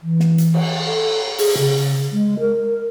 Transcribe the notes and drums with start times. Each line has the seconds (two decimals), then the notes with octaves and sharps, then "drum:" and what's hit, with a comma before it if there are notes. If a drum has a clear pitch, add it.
0.01 E3
0.20 drum: snare
0.38 drum: hi-hat
0.54 drum: cymbal
0.85 A4
1.38 G#4, drum: open hi-hat
1.58 C#3
2.12 G#3
2.39 A#4